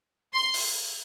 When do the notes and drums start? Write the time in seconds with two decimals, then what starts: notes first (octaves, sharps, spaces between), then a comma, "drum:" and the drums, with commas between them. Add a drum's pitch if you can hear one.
0.33 C6
0.54 drum: open hi-hat